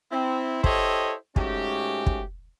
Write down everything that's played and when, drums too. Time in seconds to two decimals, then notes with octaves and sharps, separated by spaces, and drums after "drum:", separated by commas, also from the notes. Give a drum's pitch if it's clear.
0.12 C4 E4
0.64 E4 G4 A4 C5 C#5 D#5, drum: kick
1.36 G#2 A3 C#4 F#4 G4, drum: kick
2.06 drum: kick